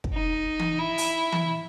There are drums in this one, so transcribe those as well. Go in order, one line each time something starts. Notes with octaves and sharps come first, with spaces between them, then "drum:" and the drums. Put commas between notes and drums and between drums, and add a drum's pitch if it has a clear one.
drum: kick
D#4
drum: tom E3
E4
drum: open hi-hat
drum: tom E3